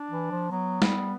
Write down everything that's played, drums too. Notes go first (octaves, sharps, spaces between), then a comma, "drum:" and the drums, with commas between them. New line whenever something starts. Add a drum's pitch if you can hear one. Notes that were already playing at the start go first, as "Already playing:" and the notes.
Already playing: D4
E3
F3
F#3 B3
G3, drum: snare